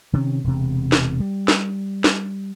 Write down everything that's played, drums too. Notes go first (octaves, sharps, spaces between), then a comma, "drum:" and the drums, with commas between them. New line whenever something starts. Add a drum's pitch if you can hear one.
C3 D#3 C#4
E1 C3
drum: snare
G3
drum: snare
drum: snare